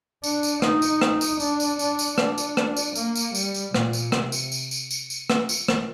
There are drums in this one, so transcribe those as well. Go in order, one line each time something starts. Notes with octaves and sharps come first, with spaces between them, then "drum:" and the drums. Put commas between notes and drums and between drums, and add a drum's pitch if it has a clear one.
D4, drum: tambourine
drum: tambourine
D#4, drum: rim click
drum: tambourine
drum: rim click
drum: tambourine
D4, drum: tambourine
drum: tambourine
D4, drum: tambourine
drum: tambourine
D4, drum: rim click
drum: tambourine
drum: rim click
drum: tambourine
A#3, drum: tambourine
drum: tambourine
G3, drum: tambourine
drum: tambourine
A#2, drum: rim click
drum: tambourine
C3, drum: rim click
drum: tambourine
drum: tambourine
drum: tambourine
drum: tambourine
drum: tambourine
drum: rim click
drum: tambourine
drum: rim click